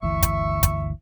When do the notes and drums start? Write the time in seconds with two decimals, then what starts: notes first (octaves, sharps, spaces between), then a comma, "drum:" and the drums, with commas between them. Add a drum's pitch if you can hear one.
0.02 G1 D2 E3 E5 C#6
0.23 drum: kick, hi-hat
0.63 drum: kick, hi-hat